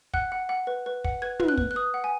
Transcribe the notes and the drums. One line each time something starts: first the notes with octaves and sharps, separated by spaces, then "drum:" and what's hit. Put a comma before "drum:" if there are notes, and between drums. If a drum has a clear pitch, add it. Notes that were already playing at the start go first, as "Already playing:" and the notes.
F#5 F#6, drum: kick
F#5
F#5
B4
B4
F#5, drum: kick
B4 G#6
B4, drum: tom
F#6
B4, drum: kick
F#6
B4 D#6
F#5
G#5